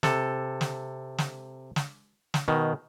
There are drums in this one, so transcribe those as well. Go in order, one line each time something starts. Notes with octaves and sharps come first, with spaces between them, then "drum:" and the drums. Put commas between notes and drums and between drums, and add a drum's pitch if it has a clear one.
C3 A4, drum: snare
drum: snare
drum: snare
drum: snare
drum: snare
B2 D#3